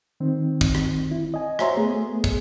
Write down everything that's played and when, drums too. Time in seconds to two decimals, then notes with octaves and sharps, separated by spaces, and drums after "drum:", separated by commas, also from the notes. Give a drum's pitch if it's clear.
0.20 D#3 C4
0.61 drum: kick
0.75 drum: rim click
1.11 E4
1.34 D#5 G#5
1.59 F#4 C5 C#5 E5 A#5 C6, drum: rim click
1.76 A3 B3 G#4
2.24 drum: kick